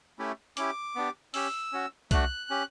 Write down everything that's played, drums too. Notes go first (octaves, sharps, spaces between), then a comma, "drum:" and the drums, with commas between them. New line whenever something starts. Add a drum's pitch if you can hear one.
A3 C#4 E4 G4
C#4 E4 G4 D6, drum: hi-hat
B3 D4 G4
C#4 G4 E6, drum: open hi-hat
C#4 F#4
A3 D4 F#4 F#6, drum: kick C2, hi-hat
C#4 G4